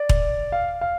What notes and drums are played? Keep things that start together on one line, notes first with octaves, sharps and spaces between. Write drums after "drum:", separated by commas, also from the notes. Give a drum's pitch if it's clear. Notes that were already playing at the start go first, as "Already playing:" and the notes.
Already playing: D5
drum: kick E1
F5
F5